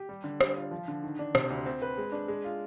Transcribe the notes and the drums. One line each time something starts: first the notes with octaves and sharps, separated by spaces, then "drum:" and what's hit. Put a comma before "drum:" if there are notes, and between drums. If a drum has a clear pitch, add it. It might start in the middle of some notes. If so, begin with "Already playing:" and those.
Already playing: G4
G3
D3
G3, drum: rim click
F4
F3
D3
D#3
D4
C3, drum: rim click
D2
C4
B4
G#3
D4
G#3
F4